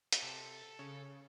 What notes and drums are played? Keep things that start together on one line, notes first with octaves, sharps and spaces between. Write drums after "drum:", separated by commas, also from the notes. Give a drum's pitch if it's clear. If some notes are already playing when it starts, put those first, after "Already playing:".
drum: hi-hat
C3 A4
C#3 C#5